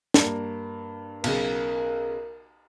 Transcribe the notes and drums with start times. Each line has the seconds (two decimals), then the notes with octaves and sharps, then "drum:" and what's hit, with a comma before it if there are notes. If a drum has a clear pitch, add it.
0.14 G2 A#3, drum: snare
1.24 B1 C#3 A#4, drum: cymbal